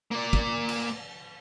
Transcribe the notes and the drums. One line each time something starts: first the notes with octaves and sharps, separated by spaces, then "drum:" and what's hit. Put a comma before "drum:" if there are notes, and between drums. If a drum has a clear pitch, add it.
A#3 D5
drum: kick
drum: cymbal